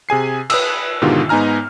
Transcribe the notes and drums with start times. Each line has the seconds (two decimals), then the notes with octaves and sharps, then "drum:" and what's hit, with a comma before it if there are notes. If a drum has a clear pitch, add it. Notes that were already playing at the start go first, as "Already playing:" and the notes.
0.09 C3 G#4 G#5 C7
0.50 B4 D#6 E6, drum: cymbal
1.02 G#2 B2 D3 D#3 F4 G4
1.29 G#2 B3 D#4 G#5 A#5 F6